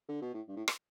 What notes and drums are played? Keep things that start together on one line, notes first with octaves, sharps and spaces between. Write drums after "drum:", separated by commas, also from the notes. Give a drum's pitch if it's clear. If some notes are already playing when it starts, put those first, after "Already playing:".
D3
B2
A2
G2
A2
drum: rim click